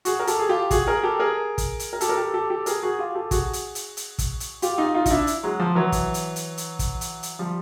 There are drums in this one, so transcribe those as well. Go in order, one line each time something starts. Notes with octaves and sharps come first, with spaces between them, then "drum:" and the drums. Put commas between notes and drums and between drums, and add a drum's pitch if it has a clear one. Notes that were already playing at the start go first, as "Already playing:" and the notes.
F#4 G#4, drum: hi-hat
A#4
G4 A4, drum: hi-hat
G#4
F4 G4
F#4 G#4, drum: kick, hi-hat
G#4 A#4
G4 A4
G#4 A#4
drum: kick, hi-hat
drum: hi-hat
A#4
G4 A4, drum: hi-hat
A#4
G4 A4
G4 A4
G4 A4
G#4 A#4, drum: hi-hat
F#4 G#4
F4 G4
G4 A4
F#4 G#4, drum: kick, hi-hat
drum: hi-hat
drum: hi-hat
drum: hi-hat
drum: kick, hi-hat
drum: hi-hat
F4 G4, drum: hi-hat
D#4 F4
D#4 F4
D#4, drum: kick, hi-hat
D4 E4
drum: hi-hat
F#3 G#3
F3
E3 F#3
drum: kick, hi-hat
drum: hi-hat
drum: hi-hat
drum: hi-hat
drum: kick, hi-hat
drum: hi-hat
drum: hi-hat
F3 G3